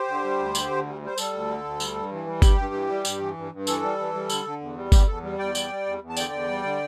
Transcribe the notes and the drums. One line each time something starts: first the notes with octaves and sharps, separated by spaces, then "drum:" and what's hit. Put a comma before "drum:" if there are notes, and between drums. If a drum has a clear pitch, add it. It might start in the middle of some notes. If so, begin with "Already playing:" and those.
Already playing: G4 C5
D3
G3
D2
D3, drum: tambourine
D2
G3
G3 C5
G3 A4, drum: tambourine
D2
D3
D2
G3, drum: tambourine
G2
E3
G3
G2 G4, drum: kick, tambourine
G2
E3
G3
G2, drum: tambourine
E3
G2
G2
E3 A4, drum: tambourine
G3
E3
G3
D3, drum: tambourine
D3
E2
G3
E2 G4, drum: kick, tambourine
E2 A4
G3
E2 D5 G5
G3, drum: tambourine
G3
E2
E2
A5
D3 D5 G5, drum: tambourine
E2
G3
D3